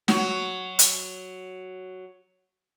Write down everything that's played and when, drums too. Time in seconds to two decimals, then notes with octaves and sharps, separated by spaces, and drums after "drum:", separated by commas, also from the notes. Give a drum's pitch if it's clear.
0.08 F#3 F#4, drum: snare
0.79 drum: hi-hat